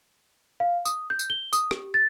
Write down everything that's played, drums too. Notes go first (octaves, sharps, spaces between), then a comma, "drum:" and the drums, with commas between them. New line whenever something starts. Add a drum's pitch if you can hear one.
F5
D#6, drum: tambourine
G6
drum: tambourine
G7
D#6, drum: tambourine
G4, drum: rim click
A6